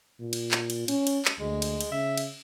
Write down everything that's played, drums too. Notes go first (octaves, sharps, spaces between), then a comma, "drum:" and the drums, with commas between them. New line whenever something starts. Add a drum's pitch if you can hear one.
A#2
drum: cymbal
drum: clap
drum: cymbal
C#4, drum: cymbal
drum: cymbal
drum: clap
D2 G#3
drum: cymbal
drum: cymbal
C#3 E5
drum: cymbal